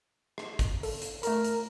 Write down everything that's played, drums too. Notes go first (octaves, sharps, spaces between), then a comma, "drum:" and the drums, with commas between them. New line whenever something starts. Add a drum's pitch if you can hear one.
drum: rim click
drum: kick G#1, hi-hat
A4, drum: open hi-hat
drum: hi-hat
A3 A4 A#4 A#5, drum: hi-hat
drum: hi-hat